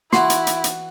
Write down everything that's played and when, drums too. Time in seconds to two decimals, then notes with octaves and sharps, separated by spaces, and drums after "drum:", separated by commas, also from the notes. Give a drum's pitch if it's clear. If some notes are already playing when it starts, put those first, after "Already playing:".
0.13 E3 E4 F#4 C6, drum: snare
0.30 drum: hi-hat
0.47 drum: hi-hat
0.64 drum: hi-hat